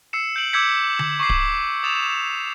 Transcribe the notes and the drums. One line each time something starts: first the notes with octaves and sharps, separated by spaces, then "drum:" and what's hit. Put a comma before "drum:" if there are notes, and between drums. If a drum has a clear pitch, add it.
E6 C7 C#7 E7
G6 D7 F#7
D6 E6 G6 G#6 B6 C#7
drum: tom D3
C#6 D6 C7
drum: kick D1
D#6 A6 E7 F7